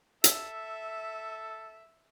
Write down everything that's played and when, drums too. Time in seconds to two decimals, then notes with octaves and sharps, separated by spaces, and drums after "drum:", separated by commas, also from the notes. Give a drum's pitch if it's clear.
0.24 A4 E5, drum: hi-hat